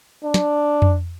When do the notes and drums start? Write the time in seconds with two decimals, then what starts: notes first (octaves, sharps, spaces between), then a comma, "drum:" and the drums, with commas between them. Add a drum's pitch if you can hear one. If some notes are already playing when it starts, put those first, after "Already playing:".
0.25 D4
0.34 drum: snare
0.82 drum: tom F2